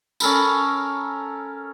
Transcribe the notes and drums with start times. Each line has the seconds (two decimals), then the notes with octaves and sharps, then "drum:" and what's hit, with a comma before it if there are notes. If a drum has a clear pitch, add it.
0.20 C#4 A4 A#4 B5, drum: tambourine